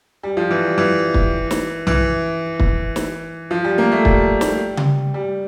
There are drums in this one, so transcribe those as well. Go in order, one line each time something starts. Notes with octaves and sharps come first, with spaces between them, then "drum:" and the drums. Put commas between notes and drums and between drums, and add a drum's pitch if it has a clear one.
G3
F3
E3
G3
E3
drum: kick
drum: snare
E3, drum: tom
drum: kick
drum: snare
F3
G3
A#3
A3
G3, drum: kick
drum: snare
drum: tom C#3
G3